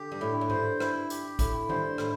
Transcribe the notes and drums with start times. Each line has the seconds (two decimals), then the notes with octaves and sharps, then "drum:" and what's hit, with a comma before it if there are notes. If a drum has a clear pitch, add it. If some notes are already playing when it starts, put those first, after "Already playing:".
Already playing: D3 G4
0.12 G2
0.20 A2 E4
0.41 A2
0.50 G2 C5, drum: tom G#2
0.80 E4, drum: rim click
1.10 G4, drum: hi-hat
1.39 A2 E4, drum: kick, hi-hat
1.69 G2 C5, drum: tom D#3
1.98 A2 E4, drum: rim click